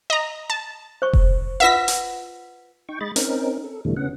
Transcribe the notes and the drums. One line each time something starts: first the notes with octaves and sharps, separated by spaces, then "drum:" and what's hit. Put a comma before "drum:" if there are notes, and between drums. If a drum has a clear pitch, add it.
D#5 A#5
A5
C5 C#6
drum: kick F1
F4 B4 E5 F#5 A#6 B6
drum: hi-hat
D#4 G5 C#6
G#3 D#5 B5 A6
C4 C#4 D#4 A#4, drum: hi-hat
A4
E2 B2 D3 E3 G3 A3
C#3 B3 C#4 F#5